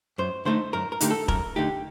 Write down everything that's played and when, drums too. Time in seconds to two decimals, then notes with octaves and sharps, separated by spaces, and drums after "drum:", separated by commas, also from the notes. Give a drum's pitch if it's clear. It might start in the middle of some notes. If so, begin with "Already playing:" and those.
0.18 F#2 C5
0.45 D3 A3 D#4 C5
0.73 F#2 A#4
0.92 A#4
1.01 D3 A3 D#4 G4, drum: hi-hat
1.11 A4
1.28 F#2 A#4, drum: kick E1
1.56 D3 A3 D#4 G4